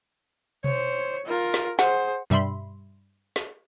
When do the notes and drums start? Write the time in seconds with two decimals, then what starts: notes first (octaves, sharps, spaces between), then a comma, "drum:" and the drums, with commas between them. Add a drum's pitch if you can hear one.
0.64 C5 C#5, drum: tom B2
1.26 F4 A#4
1.54 drum: snare
1.79 G#4 C5 F#5, drum: snare
2.30 G2 G3 E5 B5 C6, drum: tom B2
3.36 drum: snare